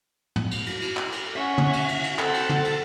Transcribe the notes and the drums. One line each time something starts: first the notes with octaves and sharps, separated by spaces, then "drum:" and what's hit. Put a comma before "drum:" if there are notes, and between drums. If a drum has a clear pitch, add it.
drum: tom
drum: cymbal
drum: cymbal
drum: cymbal
drum: clap
drum: cymbal
C#4 E5 F#5
drum: tom
drum: cymbal
drum: cymbal
drum: cymbal
C4 A4 F#5, drum: clap
drum: cymbal
drum: tom
drum: cymbal